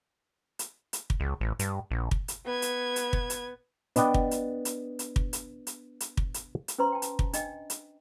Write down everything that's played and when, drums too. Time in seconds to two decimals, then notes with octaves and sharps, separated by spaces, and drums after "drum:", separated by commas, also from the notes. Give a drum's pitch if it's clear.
0.59 drum: hi-hat
0.93 drum: hi-hat
1.10 drum: kick
1.20 C#2
1.41 A1
1.59 G2, drum: hi-hat
1.91 A#1
2.11 drum: kick
2.28 drum: hi-hat
2.45 B3 G#6
2.62 drum: hi-hat
2.96 drum: hi-hat
3.13 drum: kick
3.30 drum: hi-hat
3.96 B3 D4 D#5 G5, drum: hi-hat
4.14 drum: kick
4.31 drum: hi-hat
4.65 drum: hi-hat
4.99 drum: hi-hat
5.16 drum: kick
5.33 drum: hi-hat
5.67 drum: hi-hat
6.00 drum: hi-hat
6.17 drum: kick
6.34 drum: hi-hat
6.68 drum: hi-hat
6.78 C#4 B4 C5 A#5 C6
6.92 G5 A5
7.02 drum: hi-hat
7.19 drum: kick
7.33 D4 D#5 G5, drum: hi-hat
7.70 drum: hi-hat